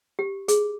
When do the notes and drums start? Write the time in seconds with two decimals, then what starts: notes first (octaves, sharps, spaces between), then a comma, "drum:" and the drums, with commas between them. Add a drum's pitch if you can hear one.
0.19 G4
0.48 G#4, drum: hi-hat